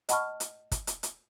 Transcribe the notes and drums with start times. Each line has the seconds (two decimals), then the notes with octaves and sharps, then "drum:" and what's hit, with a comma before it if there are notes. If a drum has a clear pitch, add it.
0.09 D#5 F#5 A5 B5 C#6 F6, drum: hi-hat
0.40 drum: hi-hat
0.72 drum: kick, hi-hat
0.87 drum: hi-hat
1.03 drum: hi-hat